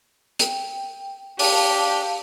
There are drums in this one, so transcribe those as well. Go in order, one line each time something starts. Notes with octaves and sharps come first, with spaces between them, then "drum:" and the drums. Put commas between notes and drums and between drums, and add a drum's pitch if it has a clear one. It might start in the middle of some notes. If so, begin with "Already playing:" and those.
G5, drum: hi-hat
D4 G4 F5 A5, drum: open hi-hat